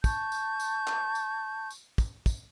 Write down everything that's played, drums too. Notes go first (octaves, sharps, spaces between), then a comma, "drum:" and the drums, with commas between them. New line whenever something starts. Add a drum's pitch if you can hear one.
A5 C#6 G6, drum: kick, tambourine
drum: tambourine
drum: tambourine
drum: clap
drum: tambourine
drum: tambourine
drum: kick, tambourine
drum: kick, tambourine